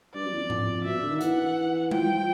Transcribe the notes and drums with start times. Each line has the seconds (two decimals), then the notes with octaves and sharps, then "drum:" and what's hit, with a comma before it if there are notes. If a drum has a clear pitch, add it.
0.14 G2 D5
0.24 F#2
0.32 E2
0.40 F2
0.50 drum: tom G#2
0.85 B2 E5
1.02 D3
1.12 D#3
1.21 E3 F#5, drum: hi-hat
1.91 F3 G5, drum: tom G3
2.09 F3